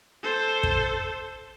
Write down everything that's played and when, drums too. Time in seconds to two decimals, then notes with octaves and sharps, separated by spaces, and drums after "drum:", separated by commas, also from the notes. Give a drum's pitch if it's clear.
0.23 A4 C5
0.63 drum: kick